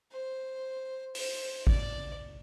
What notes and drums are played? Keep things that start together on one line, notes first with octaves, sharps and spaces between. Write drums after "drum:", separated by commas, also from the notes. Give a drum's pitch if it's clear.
C5
C5, drum: open hi-hat
D5, drum: kick